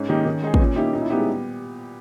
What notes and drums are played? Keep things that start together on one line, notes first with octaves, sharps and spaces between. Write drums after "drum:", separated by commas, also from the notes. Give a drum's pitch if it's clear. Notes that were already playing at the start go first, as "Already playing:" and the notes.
Already playing: G#2 C#4
D#3 A#3 D#4 G4
D#3
G#3 D#4 G#4
B3, drum: kick
A#2 C#4
A#3 D#4 E4 G4
A#2 D#4
E4
G3 B3 D#4 G4
G#3